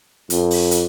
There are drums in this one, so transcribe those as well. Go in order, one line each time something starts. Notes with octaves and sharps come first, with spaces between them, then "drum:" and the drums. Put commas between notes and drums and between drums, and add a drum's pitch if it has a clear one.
F2, drum: hi-hat
drum: open hi-hat
drum: hi-hat